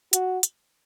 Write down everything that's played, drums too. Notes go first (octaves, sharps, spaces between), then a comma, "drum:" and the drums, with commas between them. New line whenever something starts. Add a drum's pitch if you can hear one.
F#4, drum: hi-hat
drum: hi-hat